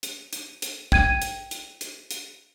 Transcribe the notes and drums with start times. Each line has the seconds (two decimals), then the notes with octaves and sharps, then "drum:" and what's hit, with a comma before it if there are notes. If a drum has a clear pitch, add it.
0.03 drum: hi-hat
0.33 drum: hi-hat
0.62 drum: hi-hat
0.92 G5 G#6 D#7, drum: kick
1.22 drum: hi-hat
1.51 drum: hi-hat
1.81 drum: hi-hat
2.11 drum: hi-hat